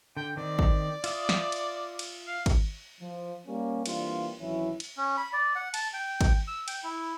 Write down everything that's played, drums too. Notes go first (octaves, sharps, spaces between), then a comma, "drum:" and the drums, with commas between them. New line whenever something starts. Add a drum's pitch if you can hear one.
D3 G5
D#3 C4 D5
drum: kick
F4 E5 D#6, drum: cymbal
drum: snare
drum: cymbal
drum: cymbal
F5
drum: kick, cymbal
F3
G3 A#3 C#4
E3 G3 A#3 C4 D4 F4, drum: cymbal
G#1 E3 F#3 C#4 E4
drum: cymbal
C#4
B5
D5
F#5
A5, drum: cymbal
G5
drum: kick, cymbal
E6
G5, drum: cymbal
E4